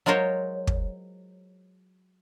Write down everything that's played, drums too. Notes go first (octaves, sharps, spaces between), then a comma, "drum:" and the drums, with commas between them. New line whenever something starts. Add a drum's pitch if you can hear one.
F#3 G#3 F4 A#4 C5 C#5
drum: kick